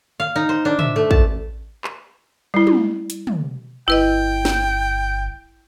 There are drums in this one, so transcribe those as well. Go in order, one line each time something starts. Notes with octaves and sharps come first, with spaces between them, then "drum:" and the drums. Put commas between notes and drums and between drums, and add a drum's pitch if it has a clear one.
F5
D#4
C5
D4
E5, drum: tom
A3
A5, drum: kick A1
drum: clap
G3 E4
drum: tom
drum: hi-hat
drum: tom
G1 E4 B4 D#5 G5
drum: snare